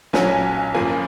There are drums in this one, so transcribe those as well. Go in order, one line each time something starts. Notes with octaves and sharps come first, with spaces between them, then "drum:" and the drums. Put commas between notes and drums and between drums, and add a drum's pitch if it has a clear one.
B1 A#2 F#3 C#4 G#5, drum: snare
G#1 F#2 F3 A#3 G#5